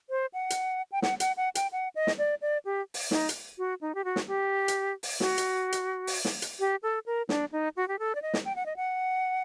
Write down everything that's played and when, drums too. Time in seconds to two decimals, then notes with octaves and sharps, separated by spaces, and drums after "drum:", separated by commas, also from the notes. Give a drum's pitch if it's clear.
0.10 C5
0.34 F#5
0.50 drum: hi-hat
0.92 G5
1.02 F#5, drum: snare
1.20 F#5, drum: hi-hat
1.37 F#5
1.55 G5, drum: hi-hat
1.72 F#5
1.96 D#5
2.07 drum: snare
2.18 D5
2.42 D5
2.65 G4
2.94 drum: open hi-hat
3.11 D#4, drum: snare
3.29 drum: hi-hat
3.58 F#4
3.81 D#4
3.95 G4
4.04 F#4
4.16 drum: snare
4.28 G4
4.68 drum: hi-hat
5.03 drum: open hi-hat
5.20 F#4, drum: snare
5.38 drum: hi-hat
5.72 drum: hi-hat
6.07 drum: open hi-hat
6.25 drum: snare
6.42 drum: hi-hat
6.60 G4
6.83 A4
7.06 A#4
7.29 D4, drum: snare
7.52 D#4
7.77 F#4
7.88 G4
7.99 A4
8.15 D5
8.22 D#5
8.34 drum: snare
8.45 G5
8.56 F#5
8.66 D#5
8.77 F#5